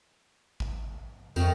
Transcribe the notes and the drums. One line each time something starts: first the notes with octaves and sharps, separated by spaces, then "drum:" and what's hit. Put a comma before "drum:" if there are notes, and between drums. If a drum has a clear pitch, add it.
drum: kick A1
F2 D#3 A3, drum: tambourine